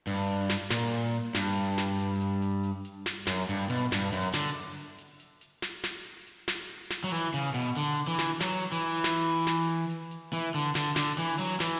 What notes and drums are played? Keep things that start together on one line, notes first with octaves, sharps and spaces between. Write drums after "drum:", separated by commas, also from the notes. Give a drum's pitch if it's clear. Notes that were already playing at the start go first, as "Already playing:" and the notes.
G2, drum: hi-hat
drum: hi-hat
drum: snare
A#2, drum: snare
drum: hi-hat
drum: hi-hat
G2, drum: snare
drum: snare
drum: hi-hat
drum: hi-hat
drum: hi-hat
drum: hi-hat
drum: hi-hat
drum: snare
F#2, drum: snare
G2, drum: hi-hat
B2, drum: hi-hat
G2, drum: snare
F#2, drum: hi-hat
D3, drum: snare
drum: hi-hat
drum: hi-hat
drum: hi-hat
drum: hi-hat
drum: hi-hat
drum: snare
drum: snare
drum: hi-hat
drum: hi-hat
drum: snare
drum: hi-hat
drum: snare
F#3
E3, drum: hi-hat
C#3, drum: hi-hat
B2, drum: hi-hat
D3, drum: hi-hat
drum: hi-hat
E3
drum: snare
F#3, drum: snare
drum: hi-hat
E3
drum: hi-hat
drum: snare
drum: hi-hat
drum: snare
drum: hi-hat
drum: hi-hat
drum: hi-hat
E3, drum: hi-hat
D3, drum: hi-hat
D3, drum: snare
D3, drum: snare
E3
F#3, drum: hi-hat
E3, drum: snare